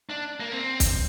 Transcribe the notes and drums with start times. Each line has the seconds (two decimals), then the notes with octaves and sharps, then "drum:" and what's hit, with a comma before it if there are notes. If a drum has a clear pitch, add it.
0.10 D4
0.40 A#3
0.52 C4
0.80 drum: kick, hi-hat